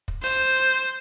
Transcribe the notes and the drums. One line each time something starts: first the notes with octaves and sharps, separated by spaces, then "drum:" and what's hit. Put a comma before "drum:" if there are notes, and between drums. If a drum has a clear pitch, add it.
drum: kick
C5, drum: open hi-hat